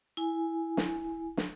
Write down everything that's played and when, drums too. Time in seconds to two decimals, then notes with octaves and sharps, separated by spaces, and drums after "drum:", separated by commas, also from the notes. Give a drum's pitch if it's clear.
0.17 E4 G#5
0.77 drum: snare
1.37 drum: snare